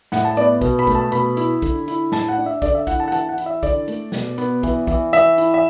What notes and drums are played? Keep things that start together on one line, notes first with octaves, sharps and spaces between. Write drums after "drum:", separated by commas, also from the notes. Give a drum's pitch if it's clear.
A2 F#5, drum: snare
A5
B3 D5, drum: hi-hat
B2, drum: kick, hi-hat
B5
A3, drum: kick, hi-hat
A5
B2 B5, drum: hi-hat
E4, drum: hi-hat
D3, drum: kick, hi-hat
E4, drum: hi-hat
A2 A5, drum: snare
F#5
D4
E5
D3 D5, drum: kick, hi-hat
E5
E4 F#5, drum: kick, hi-hat
A5
F#5
E3 A5, drum: hi-hat
F#5
E4, drum: hi-hat
E5
D3 D5, drum: kick, hi-hat
A3, drum: hi-hat
B2, drum: snare
B3, drum: hi-hat
E3, drum: kick, hi-hat
E3, drum: kick, hi-hat
E3 E5, drum: hi-hat
E4, drum: hi-hat
E5